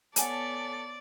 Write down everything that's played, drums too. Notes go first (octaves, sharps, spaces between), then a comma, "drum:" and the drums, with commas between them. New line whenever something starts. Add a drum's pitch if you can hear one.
B3 A4 C#5 D5 F#5 G#5 A5, drum: hi-hat